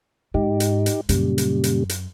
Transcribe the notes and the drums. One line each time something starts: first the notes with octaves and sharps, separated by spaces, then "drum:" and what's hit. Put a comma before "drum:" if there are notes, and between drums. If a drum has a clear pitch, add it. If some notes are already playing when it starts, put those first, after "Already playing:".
G#2 D#4 G4
drum: hi-hat
drum: hi-hat
F#2 A#2 C#3 G3, drum: hi-hat
drum: hi-hat
drum: hi-hat
drum: hi-hat